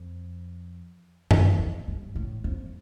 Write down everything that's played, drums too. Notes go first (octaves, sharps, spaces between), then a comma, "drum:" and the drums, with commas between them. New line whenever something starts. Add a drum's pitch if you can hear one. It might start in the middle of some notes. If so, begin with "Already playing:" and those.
Already playing: F2
E2, drum: tom F#2
F2
G2
A2
F2